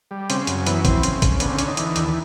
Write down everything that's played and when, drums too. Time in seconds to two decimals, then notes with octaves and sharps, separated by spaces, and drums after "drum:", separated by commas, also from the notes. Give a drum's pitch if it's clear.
0.11 G3
0.30 C#3 C4, drum: hi-hat
0.47 F#2, drum: hi-hat
0.66 E3 B3, drum: hi-hat
0.85 E3 C4, drum: kick, hi-hat
1.03 C#3, drum: hi-hat
1.22 C#3, drum: kick, hi-hat
1.40 D3 B3, drum: hi-hat
1.50 C4
1.59 D3 C#4, drum: hi-hat
1.68 D#4
1.77 E3, drum: hi-hat
1.96 D#2, drum: hi-hat